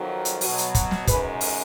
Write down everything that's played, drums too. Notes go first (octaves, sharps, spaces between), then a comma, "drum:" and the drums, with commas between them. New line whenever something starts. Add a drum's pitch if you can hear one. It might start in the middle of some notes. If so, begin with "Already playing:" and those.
Already playing: F2 D#3 F#3
drum: hi-hat
B2 F#3, drum: open hi-hat
drum: hi-hat
drum: kick, hi-hat
drum: snare
F#2 D#3 G#3 B4, drum: kick, hi-hat
drum: open hi-hat